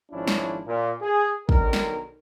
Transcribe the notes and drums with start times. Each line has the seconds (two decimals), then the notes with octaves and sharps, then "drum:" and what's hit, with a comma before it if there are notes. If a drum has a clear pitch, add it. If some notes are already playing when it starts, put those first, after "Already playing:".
0.12 G#1 F3 C#4 D4 E4
0.27 drum: snare
0.66 A#2
1.02 G#4
1.49 B1 D#3 D4 A#4, drum: kick
1.73 drum: snare